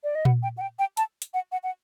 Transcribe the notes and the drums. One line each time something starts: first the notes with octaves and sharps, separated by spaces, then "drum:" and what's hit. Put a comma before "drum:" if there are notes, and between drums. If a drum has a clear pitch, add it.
D5
D#5
F#5, drum: tom A#2
G5
F#5
G5
G5
A5, drum: hi-hat
drum: hi-hat
F#5
F#5
F#5